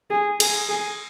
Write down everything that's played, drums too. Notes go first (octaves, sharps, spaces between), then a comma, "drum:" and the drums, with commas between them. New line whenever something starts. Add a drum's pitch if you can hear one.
G#4
G#4, drum: cymbal
G#4